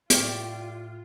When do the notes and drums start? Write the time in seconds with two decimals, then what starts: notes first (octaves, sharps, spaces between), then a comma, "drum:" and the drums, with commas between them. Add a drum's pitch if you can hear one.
0.10 A2 F4 G4 D5 G5 F6, drum: hi-hat